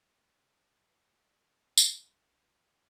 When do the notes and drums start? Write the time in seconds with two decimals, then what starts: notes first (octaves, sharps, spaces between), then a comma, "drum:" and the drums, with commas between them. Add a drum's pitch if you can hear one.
1.78 C2, drum: tambourine